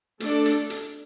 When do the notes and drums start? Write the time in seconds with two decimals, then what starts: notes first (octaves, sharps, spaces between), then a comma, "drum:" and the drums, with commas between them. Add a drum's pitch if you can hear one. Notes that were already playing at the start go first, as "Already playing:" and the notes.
0.20 A3 D4 A4 D5, drum: hi-hat
0.45 drum: hi-hat
0.70 drum: hi-hat